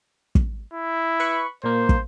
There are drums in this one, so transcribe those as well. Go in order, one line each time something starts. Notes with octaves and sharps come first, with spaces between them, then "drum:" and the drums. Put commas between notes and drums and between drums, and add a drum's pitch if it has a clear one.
drum: kick
E4
B4 B5 C#6
A#2 A#3 C5
drum: kick